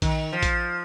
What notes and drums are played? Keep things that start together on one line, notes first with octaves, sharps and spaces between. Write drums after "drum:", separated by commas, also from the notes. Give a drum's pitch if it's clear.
D#3, drum: kick A#1, hi-hat
F3
drum: kick A#1, hi-hat